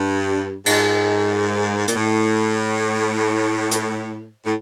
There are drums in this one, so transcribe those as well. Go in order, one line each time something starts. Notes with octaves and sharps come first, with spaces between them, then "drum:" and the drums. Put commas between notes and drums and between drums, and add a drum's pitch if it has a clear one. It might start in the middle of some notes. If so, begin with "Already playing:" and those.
Already playing: G2
G#2, drum: cymbal
A#2, drum: hi-hat
A2
drum: hi-hat
A2